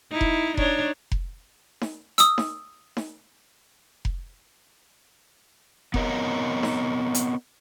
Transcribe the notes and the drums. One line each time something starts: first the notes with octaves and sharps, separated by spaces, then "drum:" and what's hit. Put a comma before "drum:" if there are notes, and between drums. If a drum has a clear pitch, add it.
D#4 E4
drum: kick F1
D4 D#4 C#5, drum: kick F1
drum: kick F1
drum: snare D#4
D#6 E6, drum: hi-hat
drum: snare D#4
drum: snare D#4
drum: kick F1
B3 C4 A#4 C#5 D#5, drum: kick F1
drum: snare D#4
drum: hi-hat